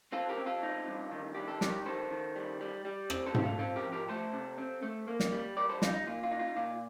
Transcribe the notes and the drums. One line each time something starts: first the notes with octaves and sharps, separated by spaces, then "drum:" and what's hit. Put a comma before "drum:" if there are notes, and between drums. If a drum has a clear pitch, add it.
C4 F4 A4
G4 A#4
C4
F4 A4
D#4
G2
D#3
G3 G4
A4
D#3 G4 A#4, drum: snare
D#3 A4 C5
D#3
G3
G3
G3
C4, drum: rim click
A4 C5
A3 G4, drum: tom G#2
F4 A4
C4 F4 A4
G4 A#4
F3
G4 A#4
A3 A4 C5
C3
C4
A3
A#3
drum: snare
G3
G3 A#4 D5
A4 C5
D#4 F4, drum: snare
D#4
A#2 F4
F4
D#4
F4
A#2 F4